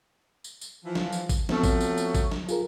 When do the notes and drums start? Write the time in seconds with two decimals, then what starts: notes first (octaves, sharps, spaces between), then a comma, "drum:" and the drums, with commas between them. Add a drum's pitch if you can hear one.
0.44 drum: tambourine
0.61 drum: tambourine
0.84 E3 F3
0.95 drum: snare
1.12 drum: tambourine
1.29 drum: kick, tambourine
1.49 F3 F#3 A3 B3 C4, drum: snare
1.63 drum: kick, tambourine
1.80 drum: tambourine
1.97 drum: tambourine
2.15 drum: kick, tambourine
2.32 drum: snare
2.49 F4 G#4 A#4, drum: tambourine